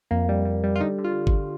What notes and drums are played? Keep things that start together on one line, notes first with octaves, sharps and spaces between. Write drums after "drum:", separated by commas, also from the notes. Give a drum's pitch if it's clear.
F2 A#3
G3
G3
G3
F4
D3 D#4
D3
F4
drum: kick G1